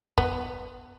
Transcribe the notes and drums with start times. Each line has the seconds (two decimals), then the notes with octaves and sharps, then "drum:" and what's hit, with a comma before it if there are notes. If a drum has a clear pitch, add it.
0.18 B3, drum: kick